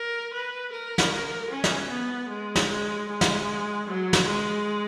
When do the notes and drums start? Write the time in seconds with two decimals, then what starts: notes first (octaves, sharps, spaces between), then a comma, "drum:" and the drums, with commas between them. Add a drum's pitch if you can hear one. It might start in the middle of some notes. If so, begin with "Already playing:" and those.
Already playing: A#4
0.32 B4
0.72 A#4
0.98 drum: snare
1.50 C#4
1.64 drum: snare
1.90 B3
2.30 G#3
2.56 drum: snare
2.69 G#3
3.08 G#3
3.21 drum: snare
3.87 F#3
4.13 drum: snare
4.26 G#3